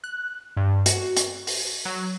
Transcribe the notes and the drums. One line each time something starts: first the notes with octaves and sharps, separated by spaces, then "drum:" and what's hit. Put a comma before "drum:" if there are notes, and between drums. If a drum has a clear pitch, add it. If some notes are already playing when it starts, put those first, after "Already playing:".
F#6
G2
F#4, drum: hi-hat
drum: hi-hat
drum: open hi-hat
F#3